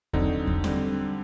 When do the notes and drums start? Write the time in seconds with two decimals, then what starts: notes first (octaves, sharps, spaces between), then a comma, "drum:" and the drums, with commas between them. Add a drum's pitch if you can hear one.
0.13 D3 F#3 C4 D#4, drum: kick E2
0.47 drum: kick E2
0.64 D3 G3 C4, drum: snare